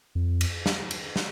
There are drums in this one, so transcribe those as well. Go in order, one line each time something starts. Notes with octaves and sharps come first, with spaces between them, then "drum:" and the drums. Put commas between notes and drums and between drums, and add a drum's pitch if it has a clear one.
F2
drum: cymbal
drum: snare
drum: cymbal
drum: snare